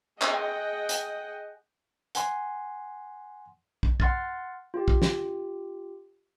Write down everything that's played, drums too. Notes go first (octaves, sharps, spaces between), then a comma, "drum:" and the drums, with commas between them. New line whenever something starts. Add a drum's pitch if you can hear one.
G#4 D#5 F#5 G5, drum: clap
drum: hi-hat
F#5 G#5 C6, drum: hi-hat
drum: kick
F#5 C6 F6 A6, drum: kick
F4 G4
drum: kick
drum: snare